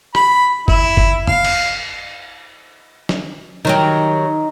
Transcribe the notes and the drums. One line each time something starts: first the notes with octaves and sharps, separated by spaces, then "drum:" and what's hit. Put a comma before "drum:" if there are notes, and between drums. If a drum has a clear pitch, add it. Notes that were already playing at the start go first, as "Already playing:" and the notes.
B5, drum: rim click
E4, drum: kick F#1
drum: kick F#1
F5, drum: tom
drum: cymbal
drum: snare
D#3 F#3 D#4 G4